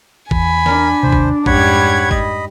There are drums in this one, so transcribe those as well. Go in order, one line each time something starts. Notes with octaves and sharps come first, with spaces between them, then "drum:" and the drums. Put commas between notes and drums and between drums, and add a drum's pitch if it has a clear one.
E2 G#5 B5, drum: kick G#1
D4 A#4, drum: snare
D#2 C3 C5
drum: kick G#1
F2 G#2 G3 C#4 C#5 F#5 B5 G#6, drum: kick G#1
D#5 B5, drum: kick G#1